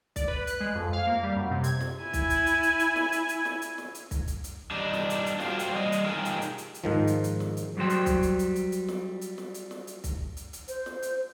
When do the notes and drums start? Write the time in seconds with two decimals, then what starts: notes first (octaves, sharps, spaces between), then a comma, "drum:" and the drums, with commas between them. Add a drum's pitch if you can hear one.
0.16 D5, drum: kick, hi-hat
0.28 B4
0.47 F#6, drum: hi-hat
0.60 G#3
0.75 F2
0.93 F5
1.07 A#3
1.23 G3
1.36 F#2
1.51 C3
1.64 G#6, drum: hi-hat
1.81 drum: snare
2.02 E4 G#5
2.13 drum: kick, hi-hat
2.30 drum: hi-hat
2.46 drum: hi-hat
2.63 drum: hi-hat
2.79 drum: hi-hat
2.96 drum: snare
3.12 drum: hi-hat
3.29 drum: hi-hat
3.45 drum: snare
3.62 drum: hi-hat
3.78 drum: snare
3.95 drum: hi-hat
4.11 drum: kick, hi-hat
4.27 drum: hi-hat
4.44 drum: hi-hat
4.71 G3 D4 D#4
4.93 drum: snare
5.10 drum: hi-hat
5.26 drum: hi-hat
5.40 F4 F#4 C5 F5 G5, drum: snare
5.59 drum: hi-hat
5.72 G3 D#5
5.92 drum: hi-hat
6.06 D#4 F4 G4 G#4 A#4 G5
6.25 drum: hi-hat
6.41 drum: hi-hat
6.58 drum: hi-hat
6.74 drum: hi-hat
6.84 G#2 D#3 F3
7.07 drum: hi-hat
7.24 drum: hi-hat
7.40 drum: snare
7.57 drum: hi-hat
7.77 F#3 G3 F#4 C5 G5
7.90 drum: hi-hat
8.06 drum: kick, hi-hat
8.23 drum: hi-hat
8.39 drum: hi-hat
8.56 drum: hi-hat
8.72 drum: hi-hat
8.88 drum: snare
9.21 drum: hi-hat
9.38 drum: snare
9.54 drum: hi-hat
9.71 drum: snare
9.87 drum: hi-hat
10.04 drum: kick, hi-hat
10.37 drum: hi-hat
10.53 drum: hi-hat
10.68 C5, drum: hi-hat
10.86 drum: snare
11.02 drum: hi-hat